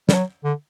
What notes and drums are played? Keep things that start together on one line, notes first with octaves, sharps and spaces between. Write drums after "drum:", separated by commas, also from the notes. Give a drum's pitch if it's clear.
G3, drum: snare
F#3
D3